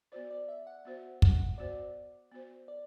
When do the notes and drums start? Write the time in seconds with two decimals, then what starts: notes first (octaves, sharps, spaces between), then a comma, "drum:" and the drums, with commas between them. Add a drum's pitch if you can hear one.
0.12 B3 F#4 C5 D5
0.31 D5
0.48 E5
0.67 F#5
0.85 B3 F#4 C5
1.22 F#5, drum: kick
1.58 B3 F#4 C5 D5
2.32 B3 F#4 C5
2.68 D5